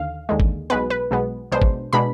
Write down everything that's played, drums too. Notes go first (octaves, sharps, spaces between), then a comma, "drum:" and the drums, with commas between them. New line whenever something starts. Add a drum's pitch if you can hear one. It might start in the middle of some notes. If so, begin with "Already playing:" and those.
Already playing: D#2 D3 F5
D#2 D3 G#3
drum: kick
B1 B2 G#3 B3 B4
B4
B1 B2 G#3 B3
B1 B2 G#3 B3 D4 C5
drum: kick
B2 G#3 B3 D4 B5